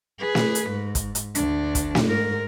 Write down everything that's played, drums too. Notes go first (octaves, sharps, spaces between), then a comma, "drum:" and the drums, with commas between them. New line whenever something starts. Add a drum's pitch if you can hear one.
G#4 B4
drum: snare
drum: hi-hat
G#2
drum: kick, hi-hat
drum: hi-hat
D2 D4, drum: hi-hat
drum: kick, hi-hat
drum: snare
G#2 A#4